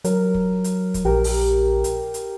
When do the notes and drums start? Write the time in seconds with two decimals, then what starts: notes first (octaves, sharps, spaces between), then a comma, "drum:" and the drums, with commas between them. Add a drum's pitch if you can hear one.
0.04 F#3 A#4, drum: hi-hat
0.34 drum: kick
0.64 drum: hi-hat
0.94 drum: kick, hi-hat
1.05 A#1 G4 A#4
1.24 drum: open hi-hat
1.84 drum: hi-hat
2.14 drum: hi-hat